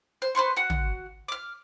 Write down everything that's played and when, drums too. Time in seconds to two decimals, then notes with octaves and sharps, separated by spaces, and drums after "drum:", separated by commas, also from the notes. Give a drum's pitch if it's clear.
0.22 C5
0.35 B4 C5 C6 C#6
0.56 F#4 F#5
0.70 drum: tom
1.28 D6 F6